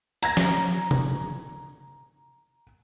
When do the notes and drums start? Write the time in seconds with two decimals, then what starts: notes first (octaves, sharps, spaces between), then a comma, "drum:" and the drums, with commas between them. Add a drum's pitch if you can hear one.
0.23 A#5 G#6 A#6, drum: hi-hat
0.37 drum: snare
0.91 drum: tom